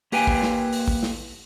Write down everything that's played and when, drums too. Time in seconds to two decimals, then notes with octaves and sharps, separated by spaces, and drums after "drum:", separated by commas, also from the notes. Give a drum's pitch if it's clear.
0.12 A#3 G4 B4 G5 G#5, drum: open hi-hat
0.27 drum: kick
0.42 drum: snare
0.73 drum: open hi-hat
0.88 drum: kick
1.03 drum: snare